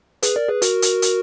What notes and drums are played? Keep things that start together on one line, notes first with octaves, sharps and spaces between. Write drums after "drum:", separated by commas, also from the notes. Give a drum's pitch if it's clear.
G#4 B4, drum: hi-hat
A#4 D5
G#4 B4
F#4 A#4, drum: hi-hat
drum: hi-hat
drum: hi-hat